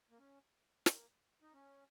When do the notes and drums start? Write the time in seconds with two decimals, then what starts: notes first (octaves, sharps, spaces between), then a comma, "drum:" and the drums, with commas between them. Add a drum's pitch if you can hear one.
0.11 A#3
0.18 C#4
0.86 A#3, drum: snare
1.42 D#4
1.54 C#4